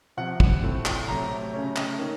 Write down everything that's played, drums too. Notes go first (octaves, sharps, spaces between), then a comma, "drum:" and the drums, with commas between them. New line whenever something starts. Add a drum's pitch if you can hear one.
C3 F3 C4 F#5
drum: kick
A2 A3 C4
drum: clap
C3 F#3 A3 A#5
C#3 A3 C#4
drum: clap
D#3 A#3 C#4